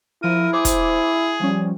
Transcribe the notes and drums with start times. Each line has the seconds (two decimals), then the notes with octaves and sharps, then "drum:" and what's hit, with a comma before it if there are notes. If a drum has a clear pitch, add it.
0.23 F3 E4 A#4 D#7
0.53 G#4 C5 D6
0.65 drum: kick, hi-hat
1.40 F3 G3 C#4